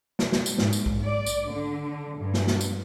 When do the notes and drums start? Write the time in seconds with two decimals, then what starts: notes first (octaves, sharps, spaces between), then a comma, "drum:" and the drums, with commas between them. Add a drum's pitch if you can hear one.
0.19 drum: snare
0.32 drum: snare
0.46 drum: tambourine
0.58 G#2, drum: snare
0.73 drum: tambourine
0.86 drum: kick B1
1.06 D5
1.26 drum: tambourine
1.50 D3
2.20 G2
2.34 drum: snare
2.47 drum: snare
2.61 drum: tambourine